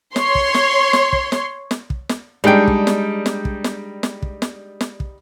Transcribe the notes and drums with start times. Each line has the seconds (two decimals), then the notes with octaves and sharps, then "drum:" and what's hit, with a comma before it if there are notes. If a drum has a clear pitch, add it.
0.16 C#5 C6, drum: snare
0.35 drum: kick
0.54 drum: snare
0.93 drum: snare
1.13 drum: kick
1.32 drum: snare
1.71 drum: snare
1.90 drum: kick
2.09 drum: snare
2.44 G3 G#3 D4 D#4 G5
2.67 drum: kick
2.87 drum: snare
3.26 drum: snare
3.45 drum: kick
3.64 drum: snare
4.03 drum: snare
4.22 drum: kick
4.42 drum: snare
4.81 drum: snare
5.00 drum: kick